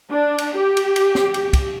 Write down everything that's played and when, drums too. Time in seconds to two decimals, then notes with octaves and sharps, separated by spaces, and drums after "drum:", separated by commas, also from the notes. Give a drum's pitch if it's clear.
0.11 D4
0.38 drum: cymbal
0.58 G4
0.77 drum: cymbal
0.96 drum: cymbal
1.15 drum: snare
1.34 drum: cymbal
1.53 drum: kick, cymbal